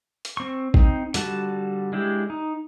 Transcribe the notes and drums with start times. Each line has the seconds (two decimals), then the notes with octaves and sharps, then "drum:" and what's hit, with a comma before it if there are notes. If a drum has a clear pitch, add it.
0.25 drum: hi-hat
0.37 C4 C#6
0.74 C4 D#4, drum: kick A1
1.14 D3 G3 F#4 A5, drum: hi-hat
1.93 G#3 D4 E4 G4
2.30 D#4